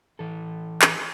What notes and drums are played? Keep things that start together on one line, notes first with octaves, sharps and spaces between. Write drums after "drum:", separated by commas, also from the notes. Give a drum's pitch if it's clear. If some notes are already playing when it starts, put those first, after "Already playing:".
E3 A4
drum: clap